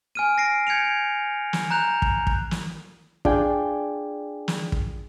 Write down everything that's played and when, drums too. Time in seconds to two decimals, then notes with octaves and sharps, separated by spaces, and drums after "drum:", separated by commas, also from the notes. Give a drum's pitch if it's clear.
0.15 G#5 F6 D#7
0.38 A#6 C7 D7
0.67 G6 G#6 C#7 D7 F7
1.53 drum: snare
1.70 A#5 F#6 G6 F7
2.02 drum: kick
2.27 drum: kick
2.51 drum: snare
3.25 D4 F4 G#4 D5 G5 G#5, drum: kick
4.48 drum: snare
4.72 drum: kick